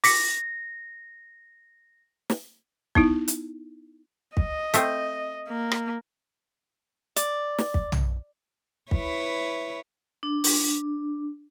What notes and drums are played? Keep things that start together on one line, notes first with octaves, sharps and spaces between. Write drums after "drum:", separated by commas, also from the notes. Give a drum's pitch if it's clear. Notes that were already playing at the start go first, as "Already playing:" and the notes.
D6 A#6 B6 C#7, drum: open hi-hat
drum: snare
B3 D#4 E4, drum: kick
drum: hi-hat
D#5, drum: kick
A3 C4, drum: hi-hat
A#3
drum: rim click
D5, drum: hi-hat
drum: snare
drum: kick
drum: tom
E4 B4 C#5, drum: kick
D4
drum: open hi-hat